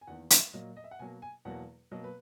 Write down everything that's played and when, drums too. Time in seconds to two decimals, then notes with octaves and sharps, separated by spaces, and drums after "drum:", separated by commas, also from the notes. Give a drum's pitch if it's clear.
0.01 G#5
0.07 E2 D#3 A#3 F#5
0.30 E5, drum: hi-hat
0.53 A#2 F#3 A#3 D#5
0.77 D#5
0.84 E5
0.91 F#5
0.99 B2 F#3 A#3 G#5
1.22 G#5
1.45 E2 B2 F#3 A#3 F#5
1.91 B2 F#3 A#3 D#5
2.04 B4